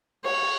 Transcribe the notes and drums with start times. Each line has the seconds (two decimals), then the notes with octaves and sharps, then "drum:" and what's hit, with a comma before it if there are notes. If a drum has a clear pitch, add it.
0.24 C#5, drum: cymbal